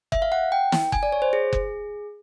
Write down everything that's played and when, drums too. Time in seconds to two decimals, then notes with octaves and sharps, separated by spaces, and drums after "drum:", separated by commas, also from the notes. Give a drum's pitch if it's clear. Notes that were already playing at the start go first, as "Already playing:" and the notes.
0.12 E5, drum: kick F#1
0.22 F5
0.32 F#5
0.52 G5
0.72 drum: snare
0.92 G#5, drum: kick F#1
1.03 D5
1.12 C#5
1.22 C5
1.33 G#4
1.53 drum: kick F#1